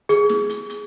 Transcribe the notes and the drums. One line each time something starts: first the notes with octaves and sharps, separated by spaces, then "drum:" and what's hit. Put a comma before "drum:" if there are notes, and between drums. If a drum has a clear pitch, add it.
G#4, drum: hi-hat
drum: snare
drum: hi-hat
drum: hi-hat